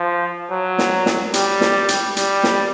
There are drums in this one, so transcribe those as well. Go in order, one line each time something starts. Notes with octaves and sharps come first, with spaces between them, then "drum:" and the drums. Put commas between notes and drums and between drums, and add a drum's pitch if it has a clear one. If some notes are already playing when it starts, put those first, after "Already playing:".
Already playing: F3
F#3
drum: snare
drum: snare
G3, drum: hi-hat
drum: snare
drum: hi-hat
G3, drum: hi-hat
drum: snare